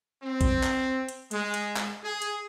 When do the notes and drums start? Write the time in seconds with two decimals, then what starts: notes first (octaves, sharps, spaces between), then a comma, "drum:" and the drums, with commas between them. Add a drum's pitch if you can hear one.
0.23 C4
0.41 drum: kick A#1, hi-hat
0.63 drum: clap
1.09 drum: hi-hat
1.31 G#3, drum: hi-hat
1.54 drum: hi-hat
1.76 drum: clap
2.04 G#4
2.22 drum: hi-hat